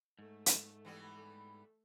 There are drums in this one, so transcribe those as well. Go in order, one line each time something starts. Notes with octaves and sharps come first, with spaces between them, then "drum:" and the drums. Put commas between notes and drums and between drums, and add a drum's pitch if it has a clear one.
G#2 A3
drum: hi-hat
E3 G3 B3